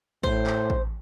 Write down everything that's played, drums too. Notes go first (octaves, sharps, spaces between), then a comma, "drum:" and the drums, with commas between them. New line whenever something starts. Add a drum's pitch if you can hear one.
A2 C5, drum: kick A1
drum: clap
drum: kick A1